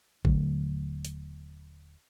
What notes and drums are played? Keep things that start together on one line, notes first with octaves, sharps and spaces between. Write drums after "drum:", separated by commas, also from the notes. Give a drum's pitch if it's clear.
D#1 D3 F#3 A3, drum: kick
drum: hi-hat